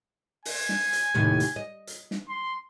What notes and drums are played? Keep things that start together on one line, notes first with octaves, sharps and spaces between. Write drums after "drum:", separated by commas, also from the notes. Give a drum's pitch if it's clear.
G#5, drum: open hi-hat
drum: snare
drum: hi-hat
D#2 A2 C3
drum: hi-hat
D#5
drum: hi-hat
drum: snare
C6